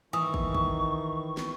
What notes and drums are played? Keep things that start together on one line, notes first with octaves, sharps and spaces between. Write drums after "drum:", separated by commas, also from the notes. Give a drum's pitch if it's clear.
D#3 E3 G#5 C#6 D#6
drum: kick
drum: kick
drum: snare